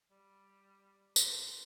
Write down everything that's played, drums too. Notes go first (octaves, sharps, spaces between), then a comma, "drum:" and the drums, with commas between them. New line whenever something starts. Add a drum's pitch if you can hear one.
G3
G#3, drum: tambourine